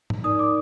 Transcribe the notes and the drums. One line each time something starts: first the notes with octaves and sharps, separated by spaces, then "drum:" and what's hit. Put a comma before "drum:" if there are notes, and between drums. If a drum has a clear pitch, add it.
drum: tom G#2
D#4 A#4 D5 D#6
D6